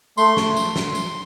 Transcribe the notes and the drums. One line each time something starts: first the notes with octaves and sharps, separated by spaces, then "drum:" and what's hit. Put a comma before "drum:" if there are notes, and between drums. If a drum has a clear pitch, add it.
A3 C6, drum: tambourine
A3, drum: snare
drum: tambourine
drum: snare
drum: tambourine